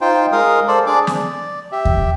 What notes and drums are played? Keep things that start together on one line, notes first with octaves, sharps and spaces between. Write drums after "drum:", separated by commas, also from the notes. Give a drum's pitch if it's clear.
D#4 F4 C5 G5
G#3 A#4 F5 D#6
A4 C5 D5
D4 G#4 D5 D6
D5, drum: snare
G4 E5
drum: kick D#2